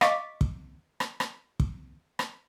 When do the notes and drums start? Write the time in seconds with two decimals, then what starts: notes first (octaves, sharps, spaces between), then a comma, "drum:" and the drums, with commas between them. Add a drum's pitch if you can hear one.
0.01 D#5 F5 C#6 D6 A6 B6, drum: rim click
0.41 drum: kick
1.00 drum: rim click
1.20 drum: rim click
1.60 drum: kick
2.19 drum: rim click